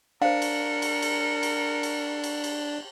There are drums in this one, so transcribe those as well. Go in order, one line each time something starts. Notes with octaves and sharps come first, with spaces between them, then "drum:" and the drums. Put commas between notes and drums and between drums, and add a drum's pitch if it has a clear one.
D4 A#4 C5 F5 C#7
drum: cymbal
drum: cymbal
drum: cymbal
drum: cymbal
drum: cymbal
drum: cymbal
drum: cymbal